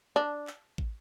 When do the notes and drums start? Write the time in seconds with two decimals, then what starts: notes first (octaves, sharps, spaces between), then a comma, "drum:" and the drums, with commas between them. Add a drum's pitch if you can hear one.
0.16 D4
0.47 drum: clap
0.78 drum: kick